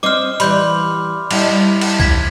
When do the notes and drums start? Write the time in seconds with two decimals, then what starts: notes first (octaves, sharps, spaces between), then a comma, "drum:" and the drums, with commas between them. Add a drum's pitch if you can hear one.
0.03 C4 C5 D#5 D6 F6
0.40 E3 G3 B5 C6 G6, drum: hi-hat
1.31 G3 E4 D#5 F7, drum: cymbal
1.81 drum: cymbal
2.00 G#6 B6, drum: kick C#2